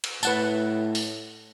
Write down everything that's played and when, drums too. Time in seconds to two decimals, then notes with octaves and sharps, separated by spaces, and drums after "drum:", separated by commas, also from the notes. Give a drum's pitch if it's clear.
0.04 drum: cymbal
0.23 A2 B4 F#5 A5, drum: tambourine
0.95 drum: open hi-hat